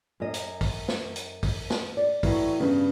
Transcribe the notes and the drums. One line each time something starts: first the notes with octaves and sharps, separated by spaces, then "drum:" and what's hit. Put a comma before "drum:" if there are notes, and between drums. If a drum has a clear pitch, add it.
F#2 D#5
drum: hi-hat
drum: kick, open hi-hat
drum: snare
drum: hi-hat
drum: kick, open hi-hat
drum: snare
D5
A2 E3 F#3, drum: kick, open hi-hat
G2 C#3 B3